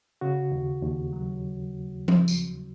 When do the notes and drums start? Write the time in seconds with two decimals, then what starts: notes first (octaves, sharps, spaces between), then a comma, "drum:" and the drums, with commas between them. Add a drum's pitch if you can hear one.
0.21 C#3 F#4
0.52 D#2
0.82 D#2
1.13 F#3
2.08 drum: tom F3
2.28 drum: tambourine